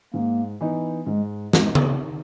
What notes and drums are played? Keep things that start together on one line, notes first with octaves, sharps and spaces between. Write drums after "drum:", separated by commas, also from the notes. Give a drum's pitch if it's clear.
G#2 A#3
E3 B3 D#4
G#2 G#3
E3 G#3 B3 D#4, drum: snare
drum: tom C#3
D#3